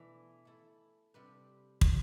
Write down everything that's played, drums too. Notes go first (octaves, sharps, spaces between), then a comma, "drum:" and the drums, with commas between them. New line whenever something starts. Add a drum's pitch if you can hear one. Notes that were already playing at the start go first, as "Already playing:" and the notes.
Already playing: B2 E3 A3 D4
A3 E4 A4
C3 G3 D4 G4 B4
A3 E4 B4 E5, drum: kick